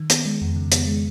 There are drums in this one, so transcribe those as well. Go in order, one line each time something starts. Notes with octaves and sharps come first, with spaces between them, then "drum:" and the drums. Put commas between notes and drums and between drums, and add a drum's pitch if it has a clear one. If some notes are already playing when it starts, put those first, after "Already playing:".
Already playing: D#3
B3, drum: hi-hat
G#3
F2
C#3
B3, drum: hi-hat
G#3